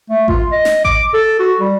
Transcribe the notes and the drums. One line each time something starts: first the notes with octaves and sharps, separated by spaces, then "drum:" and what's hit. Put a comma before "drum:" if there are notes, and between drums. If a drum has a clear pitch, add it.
A3
F4, drum: kick A1
D#5
drum: snare
D6, drum: kick A1
A4
F#4
G3